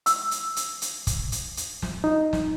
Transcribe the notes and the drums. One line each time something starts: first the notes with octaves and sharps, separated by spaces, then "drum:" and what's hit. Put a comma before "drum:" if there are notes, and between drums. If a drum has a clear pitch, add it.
E6, drum: hi-hat
drum: hi-hat
drum: hi-hat
drum: hi-hat
drum: kick, hi-hat
drum: hi-hat
drum: hi-hat
drum: snare
D#4
drum: snare